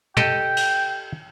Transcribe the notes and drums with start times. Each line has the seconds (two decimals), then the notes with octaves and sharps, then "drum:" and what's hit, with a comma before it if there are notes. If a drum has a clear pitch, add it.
0.17 G4 A4 D#5 G5, drum: tom
0.57 drum: cymbal